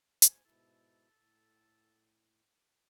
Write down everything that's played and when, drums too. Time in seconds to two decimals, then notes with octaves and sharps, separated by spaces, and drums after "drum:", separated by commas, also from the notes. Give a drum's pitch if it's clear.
0.22 D2 C5 G#5, drum: hi-hat
0.45 G#2 B2 E4 A4
1.15 A2